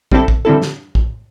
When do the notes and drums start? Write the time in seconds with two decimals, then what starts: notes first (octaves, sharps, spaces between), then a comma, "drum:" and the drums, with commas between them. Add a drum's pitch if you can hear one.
0.11 D3 G3 C4 E4 A4, drum: kick
0.28 drum: kick
0.45 D3 G3 C4 E4 A4
0.62 drum: snare
0.95 drum: kick